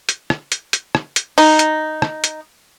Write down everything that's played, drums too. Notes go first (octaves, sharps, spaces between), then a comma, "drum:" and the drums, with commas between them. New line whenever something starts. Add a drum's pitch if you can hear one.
drum: hi-hat
drum: rim click
drum: hi-hat
drum: hi-hat
drum: rim click
drum: hi-hat
D#4, drum: open hi-hat
drum: hi-hat
drum: rim click
drum: hi-hat